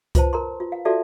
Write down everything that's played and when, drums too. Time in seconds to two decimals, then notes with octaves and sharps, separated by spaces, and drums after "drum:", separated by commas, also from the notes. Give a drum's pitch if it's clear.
0.15 F4 B4 C5 A5, drum: kick C2, hi-hat
0.33 A#4 A#5 C6
0.60 F4
0.72 F5
0.85 F4 F#4 A4 D5 E5 A5